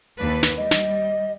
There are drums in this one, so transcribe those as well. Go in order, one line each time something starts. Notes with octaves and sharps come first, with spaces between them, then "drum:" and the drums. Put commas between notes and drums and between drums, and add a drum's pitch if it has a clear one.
D#2 D4 B4
drum: snare
G3 D#5
drum: snare